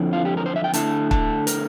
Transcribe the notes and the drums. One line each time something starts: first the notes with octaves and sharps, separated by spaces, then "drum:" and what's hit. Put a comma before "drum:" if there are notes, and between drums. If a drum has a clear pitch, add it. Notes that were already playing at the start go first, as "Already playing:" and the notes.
Already playing: F2 D3 F3 C4 E4
F4
G4
A#4
C5
E5
G5
D3 A3 E4 A5, drum: hi-hat
A5, drum: kick
A#4, drum: hi-hat